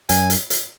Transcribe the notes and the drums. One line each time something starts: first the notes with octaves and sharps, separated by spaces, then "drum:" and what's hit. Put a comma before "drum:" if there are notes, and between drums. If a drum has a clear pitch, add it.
F#2 G#5, drum: hi-hat
drum: hi-hat
drum: hi-hat